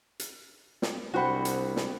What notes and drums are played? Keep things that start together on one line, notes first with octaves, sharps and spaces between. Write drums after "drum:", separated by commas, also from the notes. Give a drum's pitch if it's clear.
drum: hi-hat
drum: snare
C2 D4 F#4 C5 F#5 G5 B5
drum: hi-hat
drum: snare